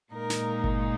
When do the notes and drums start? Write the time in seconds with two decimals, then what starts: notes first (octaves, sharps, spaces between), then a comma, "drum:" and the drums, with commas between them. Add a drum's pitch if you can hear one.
0.13 A#2 G#3 D#4 A#4
0.30 drum: snare
0.64 drum: kick G1